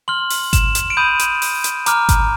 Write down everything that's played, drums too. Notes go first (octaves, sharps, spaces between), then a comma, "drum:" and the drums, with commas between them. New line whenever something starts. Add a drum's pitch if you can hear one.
C6 F6 F#7
drum: open hi-hat
E7, drum: kick G#1, hi-hat
drum: hi-hat
D7
B5 D#6 G6 D#7
drum: hi-hat
drum: open hi-hat
drum: hi-hat
A#5 D6 F6, drum: hi-hat
drum: kick G#1, hi-hat